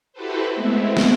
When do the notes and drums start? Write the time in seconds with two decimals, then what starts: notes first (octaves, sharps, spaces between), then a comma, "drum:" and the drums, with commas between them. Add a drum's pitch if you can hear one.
0.13 E4 F#4 G4 A4 B4 C5
0.52 G#3 A3 B3 C4 E4
0.97 drum: snare